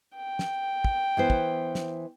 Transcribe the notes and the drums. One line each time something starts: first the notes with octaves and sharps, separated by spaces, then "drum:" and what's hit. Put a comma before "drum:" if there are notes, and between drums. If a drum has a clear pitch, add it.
G5
drum: snare
drum: kick
E3 B3 C5
drum: kick
drum: snare